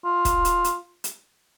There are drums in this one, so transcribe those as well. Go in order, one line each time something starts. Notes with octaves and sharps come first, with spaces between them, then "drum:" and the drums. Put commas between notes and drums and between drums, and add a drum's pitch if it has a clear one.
F4
drum: kick, hi-hat
drum: hi-hat
drum: hi-hat
drum: hi-hat